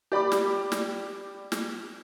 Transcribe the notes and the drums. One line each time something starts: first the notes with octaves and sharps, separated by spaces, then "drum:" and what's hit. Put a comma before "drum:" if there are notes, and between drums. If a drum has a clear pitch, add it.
G4 D5 B5 D6
drum: snare
drum: snare
drum: snare